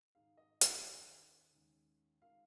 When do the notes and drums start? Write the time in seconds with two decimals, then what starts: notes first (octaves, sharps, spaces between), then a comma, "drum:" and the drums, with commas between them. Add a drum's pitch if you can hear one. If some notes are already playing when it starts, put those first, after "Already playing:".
0.15 G#2 D#3 G#3 D#4 G#4 F5
0.37 D#5
0.61 D#5, drum: hi-hat
0.84 D#2 D#3 C#4 G#4 G#5
1.53 D#2 D#3 G#3 C#4
2.21 D#3 G#3 F4 A#4 F5